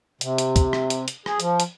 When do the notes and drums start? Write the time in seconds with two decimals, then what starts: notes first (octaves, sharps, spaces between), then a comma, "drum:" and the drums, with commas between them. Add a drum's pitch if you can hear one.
0.21 C3, drum: hi-hat
0.38 drum: hi-hat
0.56 drum: kick, hi-hat
0.73 drum: rim click
0.90 drum: hi-hat
1.08 drum: hi-hat
1.26 G#4, drum: rim click
1.40 F3, drum: hi-hat
1.60 drum: hi-hat